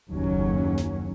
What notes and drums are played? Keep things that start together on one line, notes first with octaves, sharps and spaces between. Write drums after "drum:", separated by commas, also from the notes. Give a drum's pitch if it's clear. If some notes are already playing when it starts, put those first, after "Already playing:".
F#1 D#2 F#3 C#4
drum: kick F1
drum: snare